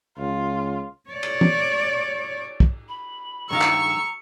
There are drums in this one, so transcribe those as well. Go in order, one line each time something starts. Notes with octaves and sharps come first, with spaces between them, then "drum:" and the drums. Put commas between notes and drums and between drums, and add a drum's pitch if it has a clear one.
C#2 F4
C#5 D5
drum: cymbal
drum: tom
drum: kick
B5
G2 D#3 F5 A#5 C#6 E6
drum: clap